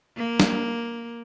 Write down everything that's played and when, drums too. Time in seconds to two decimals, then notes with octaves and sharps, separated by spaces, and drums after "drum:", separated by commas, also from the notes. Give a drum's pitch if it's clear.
0.17 A#3
0.40 drum: snare